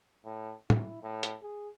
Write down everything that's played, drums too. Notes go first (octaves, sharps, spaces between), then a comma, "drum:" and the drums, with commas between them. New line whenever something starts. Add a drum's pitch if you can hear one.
A2
E4, drum: tom
A2
drum: hi-hat
G#4